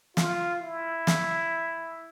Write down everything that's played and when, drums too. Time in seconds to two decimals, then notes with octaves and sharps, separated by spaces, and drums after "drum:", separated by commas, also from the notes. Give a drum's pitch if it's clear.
0.17 F4, drum: snare
0.62 E4
1.07 drum: snare